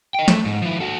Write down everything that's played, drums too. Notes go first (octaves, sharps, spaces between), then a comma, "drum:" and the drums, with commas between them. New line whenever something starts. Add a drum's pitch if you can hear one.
D#5 G5
A3, drum: snare
G#2
F3 E4
F#4 A4